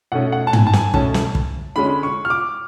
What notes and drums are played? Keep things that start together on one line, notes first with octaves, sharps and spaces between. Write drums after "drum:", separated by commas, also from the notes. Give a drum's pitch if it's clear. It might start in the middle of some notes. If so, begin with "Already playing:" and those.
B2 A3 C#4 F#5
F#5
A5
G#5, drum: tom
A5
G#5, drum: snare
B2 A3 C#4 A5, drum: kick
drum: snare
drum: kick
D3 G#3 C#4 B5
C#6
F6
D6